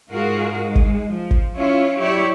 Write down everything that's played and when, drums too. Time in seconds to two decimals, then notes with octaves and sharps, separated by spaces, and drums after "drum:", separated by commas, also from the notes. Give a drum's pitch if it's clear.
0.10 G#2 F4 F#4 G#4 A#4 F5
0.57 G#2 G#3
0.75 drum: kick
1.09 F3
1.31 drum: kick
1.56 C#4 E4 F4 C#5
1.98 F#3 E4 G4 C#5 D5